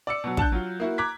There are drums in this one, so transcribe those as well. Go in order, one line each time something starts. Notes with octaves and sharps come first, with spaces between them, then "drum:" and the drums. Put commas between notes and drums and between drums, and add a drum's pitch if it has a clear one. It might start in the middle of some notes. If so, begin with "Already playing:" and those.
D5 E6 C#7
B2 F#3
D4 A5 F#6 G6, drum: kick
F#3 F4
A#3 E4 F#4
A#5 D6 F#6 G#6 B6